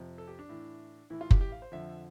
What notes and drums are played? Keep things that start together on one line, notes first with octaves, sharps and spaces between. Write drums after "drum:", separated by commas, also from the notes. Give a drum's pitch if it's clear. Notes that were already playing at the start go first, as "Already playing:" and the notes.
Already playing: F2 C3 F3
A4
G4
D4
A2 E3
A2 E3 E4
F4
G4, drum: kick F#1
G4
F5
C5
F2 D3 F3 E5